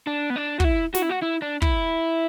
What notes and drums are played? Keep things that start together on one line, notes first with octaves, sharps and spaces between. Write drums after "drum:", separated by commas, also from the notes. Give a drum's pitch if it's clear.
D4
B3
D4
F#4, drum: kick
E4
F#4, drum: snare
E4
F#4
E4
D4
E4, drum: kick